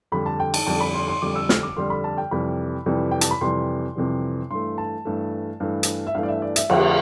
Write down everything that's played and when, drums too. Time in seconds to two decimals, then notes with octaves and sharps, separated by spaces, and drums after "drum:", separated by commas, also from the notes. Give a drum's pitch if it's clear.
0.12 F2 D3 G3 B5
0.26 A5
0.40 G5
0.54 A5, drum: cymbal
0.67 F2 D3 G3 A5
0.81 B5
0.94 C6
1.08 C6
1.22 F2 D3 G3 D6
1.35 E6
1.49 F6, drum: snare
1.63 D6
1.77 F2 D3 G3 C6
1.90 B5
2.04 A5
2.18 G5
2.31 F2 C3 E3 G3 B5
2.86 F2 C3 E3 G3
3.11 G5
3.21 A5, drum: hi-hat
3.31 B5
3.41 F2 C3 E3 G3 C6
3.95 F2 C3 E3 G3
4.50 G2 E3 A3 C6
4.78 A5
5.05 G2 E3 A3
5.60 G2 E3 A3
5.83 drum: hi-hat
6.07 E5
6.15 G2 E3 A3 F5
6.23 D5
6.28 E5
6.42 D5
6.56 E5, drum: hi-hat
6.70 F2 D3 F3 A3 E5, drum: cymbal